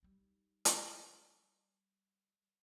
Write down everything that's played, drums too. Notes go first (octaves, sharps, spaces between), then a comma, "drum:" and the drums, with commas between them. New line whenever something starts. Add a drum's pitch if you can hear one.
G3 D#4
drum: hi-hat